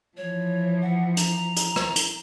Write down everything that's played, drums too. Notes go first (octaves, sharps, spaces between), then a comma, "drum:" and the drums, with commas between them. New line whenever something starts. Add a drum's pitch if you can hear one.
E3 F3 C#5
F#5
A#5, drum: hi-hat
drum: hi-hat
drum: rim click
drum: hi-hat